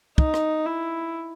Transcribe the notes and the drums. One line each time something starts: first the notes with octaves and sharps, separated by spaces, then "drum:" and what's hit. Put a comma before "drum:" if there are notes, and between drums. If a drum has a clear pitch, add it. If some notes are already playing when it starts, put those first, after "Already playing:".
D#4, drum: kick
drum: rim click
E4